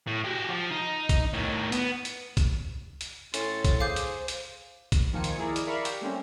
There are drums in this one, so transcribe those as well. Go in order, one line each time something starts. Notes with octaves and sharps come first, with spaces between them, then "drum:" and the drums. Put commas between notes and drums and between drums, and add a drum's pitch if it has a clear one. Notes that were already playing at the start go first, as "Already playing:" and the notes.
A2
F#4 G4
F3
D#4
drum: kick, hi-hat
A2 D#3
B3, drum: hi-hat
drum: hi-hat
drum: kick, hi-hat
drum: hi-hat
A2 C#4 C6 A6, drum: hi-hat
drum: kick, hi-hat
G#4 C5 F5 D6 G6
drum: hi-hat
drum: hi-hat
drum: kick, hi-hat
D#3 F3 A#3 F4 G#5 C#7
drum: hi-hat
E4 G#4 A#4 D5
drum: hi-hat
A#4 D5 E5 F5 B5 C#6
G4, drum: hi-hat
G3 A3 A#3 C4 C#4